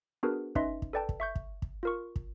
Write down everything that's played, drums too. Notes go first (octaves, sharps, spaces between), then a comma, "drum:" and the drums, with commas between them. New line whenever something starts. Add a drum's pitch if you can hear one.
B3 D4 F#4 G#4 A#4 B4
C#4 D#4 B4 D#5 E5 C6, drum: kick
drum: kick
A4 B4 D5 G5 A5
drum: kick
E5 C#6 G6
drum: kick
drum: kick
F4 A#4 C#6
drum: kick